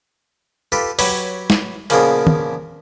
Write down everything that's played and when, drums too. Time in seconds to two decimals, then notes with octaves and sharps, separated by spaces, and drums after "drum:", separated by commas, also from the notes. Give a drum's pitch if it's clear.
0.72 F4 G4 A4 B4
0.99 F#3 G4 B4 C#5, drum: open hi-hat
1.50 drum: snare
1.90 A#2 C#3 F3 A#3 B3 G#4, drum: hi-hat
2.27 drum: tom